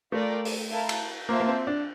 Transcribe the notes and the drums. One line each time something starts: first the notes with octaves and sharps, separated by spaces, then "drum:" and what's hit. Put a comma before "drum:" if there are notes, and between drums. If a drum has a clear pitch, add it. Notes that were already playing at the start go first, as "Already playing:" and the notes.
A3 F4 A#4 D5 G5
drum: open hi-hat
E4 A#4 F5 A5
drum: cymbal
A#3 F4 C5 E5 A5
A#3
C4
D4